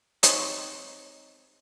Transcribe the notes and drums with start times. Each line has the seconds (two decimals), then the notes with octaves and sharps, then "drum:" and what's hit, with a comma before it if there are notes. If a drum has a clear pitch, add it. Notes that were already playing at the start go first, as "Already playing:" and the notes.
0.23 G#3 C4 D#4 C#5, drum: hi-hat